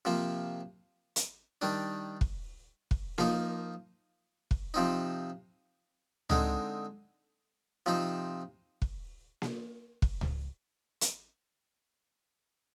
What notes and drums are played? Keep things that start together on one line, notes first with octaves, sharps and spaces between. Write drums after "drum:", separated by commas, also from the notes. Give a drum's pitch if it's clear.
C3 F3 A#3
drum: hi-hat
D#3 G3 D4
drum: kick
drum: kick
F3 A#3 D#4, drum: snare A#3
drum: kick
C3 F3 C4 D#4
D3 G#3 C4 D#4, drum: tom C#2
C3 F3 C4 D#4
drum: kick
drum: snare A#3
drum: kick
drum: tom C#2
drum: hi-hat